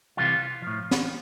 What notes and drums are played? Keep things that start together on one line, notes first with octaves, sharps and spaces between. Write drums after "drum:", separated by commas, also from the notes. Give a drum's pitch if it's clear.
C3 E3 G3 F4
A2 F3
drum: snare